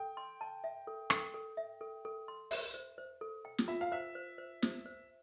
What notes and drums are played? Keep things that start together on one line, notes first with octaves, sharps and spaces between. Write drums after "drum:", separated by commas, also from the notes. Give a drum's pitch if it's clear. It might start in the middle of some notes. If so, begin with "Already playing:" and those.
Already playing: A4 G5
C6
A5
E5
A4
A4, drum: rim click
A4
E5
A4
A4
C6
E5, drum: open hi-hat
C5
C5
A4
G5
drum: snare
F4 E5
F5
C5 E5
C5
C5
C5, drum: snare
C5